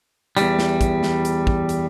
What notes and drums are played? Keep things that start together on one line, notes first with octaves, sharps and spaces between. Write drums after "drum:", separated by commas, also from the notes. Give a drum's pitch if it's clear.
E2 G3, drum: hi-hat
drum: snare
drum: kick, hi-hat
drum: snare
drum: hi-hat
drum: kick
drum: hi-hat